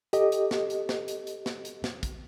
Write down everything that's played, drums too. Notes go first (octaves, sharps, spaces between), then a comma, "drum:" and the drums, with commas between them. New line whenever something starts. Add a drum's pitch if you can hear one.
G4 A4 D#5, drum: hi-hat
drum: hi-hat
drum: snare
drum: hi-hat
drum: snare
drum: hi-hat
drum: hi-hat
drum: snare
drum: hi-hat
drum: snare
drum: kick, hi-hat